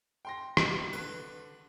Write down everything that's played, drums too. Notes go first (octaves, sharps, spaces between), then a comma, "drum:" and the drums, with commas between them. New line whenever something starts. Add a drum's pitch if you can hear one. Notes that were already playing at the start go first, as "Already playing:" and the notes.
G5 C6 A#6
drum: rim click
D3 B4